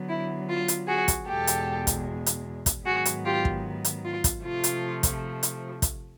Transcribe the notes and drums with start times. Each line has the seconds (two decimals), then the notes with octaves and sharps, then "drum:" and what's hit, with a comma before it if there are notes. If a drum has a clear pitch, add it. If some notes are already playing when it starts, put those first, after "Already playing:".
Already playing: D3 F#3 B3
0.09 E4
0.49 F4
0.68 drum: hi-hat
0.87 F#4 G#4
1.08 drum: kick, hi-hat
1.27 E2 B2 G#3 G4 A4
1.47 drum: hi-hat
1.87 drum: kick, hi-hat
2.26 drum: hi-hat
2.66 drum: kick, hi-hat
2.86 G#2 D#3 F#3 B3 F#4 G#4
3.05 drum: hi-hat
3.25 F4 G4
3.45 drum: kick
3.85 drum: hi-hat
4.05 F4
4.24 drum: kick, hi-hat
4.43 C3 F3 A3 F4
4.64 drum: hi-hat
5.03 drum: kick, hi-hat
5.43 drum: hi-hat
5.82 drum: kick, hi-hat